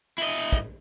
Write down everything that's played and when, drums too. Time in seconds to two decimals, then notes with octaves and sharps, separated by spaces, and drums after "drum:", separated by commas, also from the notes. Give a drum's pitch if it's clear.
0.18 E4 D#5
0.35 drum: hi-hat
0.52 drum: kick